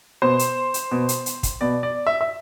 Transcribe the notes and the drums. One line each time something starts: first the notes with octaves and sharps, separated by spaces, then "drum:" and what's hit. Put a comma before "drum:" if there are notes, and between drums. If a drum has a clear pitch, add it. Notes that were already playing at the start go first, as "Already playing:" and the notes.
B2 C5
drum: hi-hat
drum: hi-hat
B2
drum: hi-hat
drum: hi-hat
drum: kick, hi-hat
B2 D5
D5
E5
E5